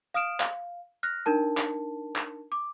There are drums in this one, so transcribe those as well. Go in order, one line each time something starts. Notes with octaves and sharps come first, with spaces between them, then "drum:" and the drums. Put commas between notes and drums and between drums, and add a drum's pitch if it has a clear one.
F5 D#6 F6 D7 E7
F5, drum: clap
F6 F#6 A#6
D4 D#4 A#4 A5
drum: clap
drum: clap
D6